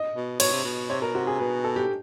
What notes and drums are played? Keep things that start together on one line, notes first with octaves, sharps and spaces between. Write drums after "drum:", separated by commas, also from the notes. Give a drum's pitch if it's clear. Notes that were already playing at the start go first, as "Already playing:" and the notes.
Already playing: D#5
B2
B2 C#5, drum: cymbal
C3
B2
C3 C#5
B2 A#4
C3 F#4
G#4
B2 B4
A4
G4